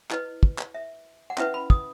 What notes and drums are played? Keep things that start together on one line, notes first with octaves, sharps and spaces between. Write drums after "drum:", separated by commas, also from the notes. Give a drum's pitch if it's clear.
E4 B4 D#5, drum: clap
drum: kick
drum: clap
E5
F#5
C#4 E4 B4 E5, drum: clap
B5
D#6, drum: kick